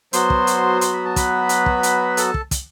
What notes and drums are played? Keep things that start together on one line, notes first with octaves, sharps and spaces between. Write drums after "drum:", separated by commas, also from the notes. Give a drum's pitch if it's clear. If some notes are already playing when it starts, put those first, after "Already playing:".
F#3 B3 F#4 C5 C6, drum: hi-hat
drum: kick
drum: hi-hat
C6, drum: hi-hat
B5
A5
B4 B5, drum: kick, hi-hat
drum: hi-hat
drum: kick
drum: hi-hat
A4 A5, drum: hi-hat
drum: kick
drum: kick, hi-hat